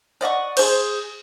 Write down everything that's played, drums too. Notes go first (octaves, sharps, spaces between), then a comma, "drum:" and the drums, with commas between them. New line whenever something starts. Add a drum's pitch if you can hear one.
D5 D#5 F#5 C#6
G#4 C5, drum: cymbal